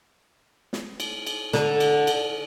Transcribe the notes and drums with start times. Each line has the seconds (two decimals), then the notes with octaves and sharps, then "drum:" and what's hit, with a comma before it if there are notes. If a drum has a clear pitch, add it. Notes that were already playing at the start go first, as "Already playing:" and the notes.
0.73 drum: snare
1.00 drum: cymbal
1.27 drum: cymbal
1.53 D3, drum: snare
1.80 drum: cymbal
2.07 drum: cymbal